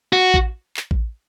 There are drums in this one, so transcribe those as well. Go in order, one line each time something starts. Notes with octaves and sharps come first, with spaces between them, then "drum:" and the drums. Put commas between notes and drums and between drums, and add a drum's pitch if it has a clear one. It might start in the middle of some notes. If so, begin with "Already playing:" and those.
F#4
drum: kick A1
drum: clap
drum: kick A1